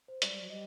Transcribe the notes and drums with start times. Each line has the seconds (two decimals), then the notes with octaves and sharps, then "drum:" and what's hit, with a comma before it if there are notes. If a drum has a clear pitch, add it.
0.08 C5
0.22 G3 D5, drum: hi-hat
0.32 G3
0.41 F#3
0.50 G3 D#5